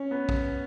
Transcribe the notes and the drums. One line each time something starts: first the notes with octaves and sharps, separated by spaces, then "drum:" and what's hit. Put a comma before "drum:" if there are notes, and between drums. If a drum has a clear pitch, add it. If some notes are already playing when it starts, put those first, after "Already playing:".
Already playing: C#4
B3
drum: kick